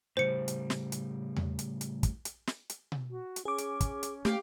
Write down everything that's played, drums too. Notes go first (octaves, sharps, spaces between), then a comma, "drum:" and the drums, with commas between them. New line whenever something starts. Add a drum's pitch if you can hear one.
A2 C#3 G3 C5 C#7
drum: hi-hat
drum: snare
drum: hi-hat
drum: tom E2
drum: hi-hat
drum: hi-hat
drum: kick, hi-hat
drum: hi-hat
drum: snare
drum: hi-hat
drum: tom B2
F#4
drum: hi-hat
C#4 G#4 D6
drum: hi-hat
drum: kick, hi-hat
drum: hi-hat
A3 G4 F5 G5, drum: snare